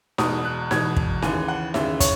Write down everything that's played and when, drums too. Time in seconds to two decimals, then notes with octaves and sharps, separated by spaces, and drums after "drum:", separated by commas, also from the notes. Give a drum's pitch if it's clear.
0.18 E1 E2 B2 D#6, drum: snare D#4
0.45 F#6
0.71 E1 E2 B2 G#6, drum: snare D#4
0.97 drum: kick
1.22 D#2 C#3 E3 G#5, drum: snare D#4
1.48 F#5
1.74 D#2 C#3 E3 E5, drum: snare D#4
2.00 C#5, drum: kick, hi-hat